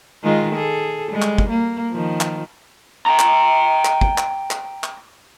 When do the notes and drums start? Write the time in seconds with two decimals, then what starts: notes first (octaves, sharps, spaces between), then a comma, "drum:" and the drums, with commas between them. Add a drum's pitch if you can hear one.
0.23 D#3 G#3 F4
0.53 G#4 A4
1.09 G3 G#3
1.22 drum: clap
1.38 drum: kick
1.49 A#3
1.92 D#3 F3
2.21 drum: clap
3.06 G5 A#5
3.19 drum: clap
3.85 drum: clap
4.01 drum: kick
4.18 drum: clap
4.51 drum: clap
4.84 drum: clap